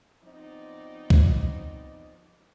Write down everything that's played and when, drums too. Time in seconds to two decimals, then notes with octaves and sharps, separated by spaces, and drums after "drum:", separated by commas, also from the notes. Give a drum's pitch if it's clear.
0.24 F3 B3 C4 D#4 D5
1.10 drum: kick